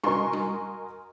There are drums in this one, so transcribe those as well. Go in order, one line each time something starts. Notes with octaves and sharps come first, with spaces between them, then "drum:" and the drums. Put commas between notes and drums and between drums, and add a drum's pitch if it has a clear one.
F#4 A#4 D#5 G#5 C6 C#6, drum: tom G3
drum: tom G3